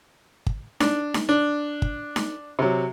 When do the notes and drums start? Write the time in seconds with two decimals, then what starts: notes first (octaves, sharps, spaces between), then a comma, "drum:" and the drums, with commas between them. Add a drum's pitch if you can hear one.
0.47 drum: kick
0.80 D4, drum: snare D#4
1.14 drum: snare D#4
1.29 D4
1.82 drum: kick
2.16 drum: snare D#4
2.59 C3 F#3